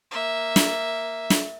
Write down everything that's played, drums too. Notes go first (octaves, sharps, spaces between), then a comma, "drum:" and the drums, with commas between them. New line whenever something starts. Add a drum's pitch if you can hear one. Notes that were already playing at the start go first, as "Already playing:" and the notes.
A#3 E5
drum: snare
drum: snare